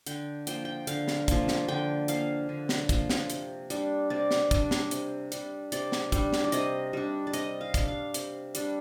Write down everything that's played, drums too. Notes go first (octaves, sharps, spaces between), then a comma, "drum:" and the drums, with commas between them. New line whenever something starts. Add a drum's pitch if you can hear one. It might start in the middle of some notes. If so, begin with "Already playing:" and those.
D3 G5, drum: hi-hat
F3 A#3 G5, drum: hi-hat
G5
D3 F5, drum: hi-hat
drum: snare
F3 A#3, drum: kick, hi-hat
drum: snare
D3 G5
F3 A#3 F5, drum: hi-hat
D3
drum: snare
F3 A#3, drum: kick, hi-hat
drum: snare
C3, drum: hi-hat
G3 D4, drum: hi-hat
C3 D5
drum: snare
G3 D4, drum: kick, hi-hat
drum: snare
C3, drum: hi-hat
G3 D4, drum: hi-hat
C3 D5, drum: hi-hat
drum: snare
G3 D4, drum: kick, hi-hat
drum: snare
D5
C3 D#5, drum: hi-hat
G3 D4
D5
C3 D#5, drum: hi-hat
F5
G3 D4, drum: kick, hi-hat
F5
C3, drum: hi-hat
G3 D4, drum: hi-hat